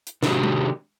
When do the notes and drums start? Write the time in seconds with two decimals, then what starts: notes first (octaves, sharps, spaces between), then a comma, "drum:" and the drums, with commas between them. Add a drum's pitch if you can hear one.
0.07 drum: hi-hat
0.23 C3 D#3 G#3 D4 F#4 G4, drum: snare
0.43 drum: tom G#3